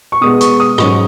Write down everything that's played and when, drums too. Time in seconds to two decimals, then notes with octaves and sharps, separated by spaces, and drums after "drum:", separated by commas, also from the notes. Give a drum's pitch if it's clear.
0.12 C#6
0.21 B2 G#3 B3 D#6
0.41 C#6, drum: hi-hat
0.60 D#6
0.78 G#2 F#3 C#4 C#6, drum: rim click